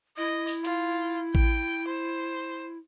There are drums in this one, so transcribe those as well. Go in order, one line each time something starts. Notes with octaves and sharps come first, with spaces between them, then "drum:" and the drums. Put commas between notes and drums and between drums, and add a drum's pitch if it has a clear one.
E4 D#5
drum: tambourine
F4, drum: hi-hat
G5, drum: kick A1
C5